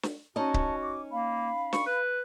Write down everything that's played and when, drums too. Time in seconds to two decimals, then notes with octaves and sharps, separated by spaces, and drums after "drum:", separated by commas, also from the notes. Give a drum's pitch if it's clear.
0.03 drum: snare
0.36 C#4 D#4 F#4 D#5 A5
0.54 drum: kick C#1
0.81 D6
1.11 A#3 F5 B5
1.73 C#6, drum: snare
1.86 B4